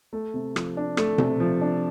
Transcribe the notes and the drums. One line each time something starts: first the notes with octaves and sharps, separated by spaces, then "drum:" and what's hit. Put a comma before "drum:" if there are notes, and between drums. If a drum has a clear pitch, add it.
A3
C3
F3, drum: rim click
D4
A3, drum: rim click
C3, drum: tom B2
F3
D4